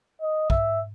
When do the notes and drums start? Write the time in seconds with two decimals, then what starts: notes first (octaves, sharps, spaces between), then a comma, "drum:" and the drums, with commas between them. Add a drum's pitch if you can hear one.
0.21 D#5
0.50 E5, drum: kick